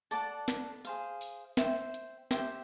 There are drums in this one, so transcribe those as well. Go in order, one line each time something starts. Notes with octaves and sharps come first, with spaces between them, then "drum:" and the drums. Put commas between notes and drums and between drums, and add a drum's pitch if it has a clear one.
A4 D5 F#5 A5, drum: hi-hat
drum: snare
G#4 C5 F5, drum: hi-hat
drum: open hi-hat
C5 E5 G5, drum: snare
drum: hi-hat
G4 C5 E5 G5, drum: snare